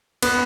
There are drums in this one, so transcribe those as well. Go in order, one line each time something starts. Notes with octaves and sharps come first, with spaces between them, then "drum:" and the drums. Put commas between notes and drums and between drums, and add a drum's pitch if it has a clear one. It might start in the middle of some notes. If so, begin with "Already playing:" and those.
B3, drum: cymbal